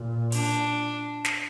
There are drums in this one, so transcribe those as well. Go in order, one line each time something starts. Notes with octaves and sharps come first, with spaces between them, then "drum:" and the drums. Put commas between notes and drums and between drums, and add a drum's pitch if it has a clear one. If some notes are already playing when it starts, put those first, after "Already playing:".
Already playing: A#2
D4, drum: open hi-hat
drum: snare